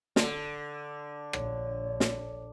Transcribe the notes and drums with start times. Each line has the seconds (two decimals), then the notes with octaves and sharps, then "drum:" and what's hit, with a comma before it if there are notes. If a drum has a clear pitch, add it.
0.16 D3, drum: snare
1.33 A#1 C#5, drum: rim click
2.00 drum: snare